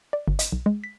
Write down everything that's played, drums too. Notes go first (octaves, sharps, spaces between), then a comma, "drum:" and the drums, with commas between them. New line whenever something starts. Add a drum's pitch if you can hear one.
D5
G1
D#5, drum: hi-hat
B1
G#3
B6